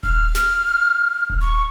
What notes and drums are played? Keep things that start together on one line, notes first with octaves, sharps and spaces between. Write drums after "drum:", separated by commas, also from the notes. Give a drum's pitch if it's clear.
F6, drum: kick D#1
drum: snare
drum: kick D#1
C#6